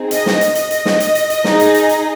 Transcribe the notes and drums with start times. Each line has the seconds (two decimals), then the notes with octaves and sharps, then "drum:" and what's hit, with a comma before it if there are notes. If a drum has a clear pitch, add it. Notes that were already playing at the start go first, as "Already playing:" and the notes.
Already playing: C4 D#4 G#4
0.11 D#5, drum: hi-hat
0.26 drum: snare
0.41 drum: hi-hat
0.55 D#5, drum: hi-hat
0.71 drum: hi-hat
0.86 drum: snare
1.00 drum: hi-hat
1.15 drum: hi-hat
1.30 drum: hi-hat
1.44 D#4 G#4, drum: snare
1.60 drum: hi-hat
1.74 drum: hi-hat
1.89 drum: hi-hat